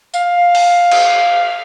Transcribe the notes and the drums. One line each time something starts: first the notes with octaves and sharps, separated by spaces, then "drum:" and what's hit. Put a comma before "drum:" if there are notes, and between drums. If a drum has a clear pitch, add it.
F5, drum: tambourine
drum: open hi-hat
drum: cymbal